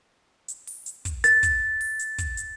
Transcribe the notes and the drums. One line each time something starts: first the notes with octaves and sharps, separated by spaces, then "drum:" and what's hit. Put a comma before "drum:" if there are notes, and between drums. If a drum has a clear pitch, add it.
drum: hi-hat
drum: open hi-hat
drum: hi-hat
drum: kick, hi-hat
A6, drum: hi-hat
drum: kick, hi-hat
drum: open hi-hat
drum: hi-hat
drum: kick, hi-hat
drum: hi-hat